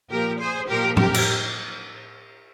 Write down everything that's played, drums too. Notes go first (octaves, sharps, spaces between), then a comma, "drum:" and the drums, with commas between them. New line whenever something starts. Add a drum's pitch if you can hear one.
A#2 F3 G4 A#4
G#4 C5
A#2 F3 G4 A#4
G4 A#4, drum: tom A2
drum: cymbal